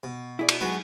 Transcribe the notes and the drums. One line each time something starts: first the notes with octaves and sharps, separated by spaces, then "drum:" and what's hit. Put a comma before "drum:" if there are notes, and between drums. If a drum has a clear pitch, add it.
B2
E4 G#4 D5
drum: cymbal
G#2 F#3 B3 F#4 G#4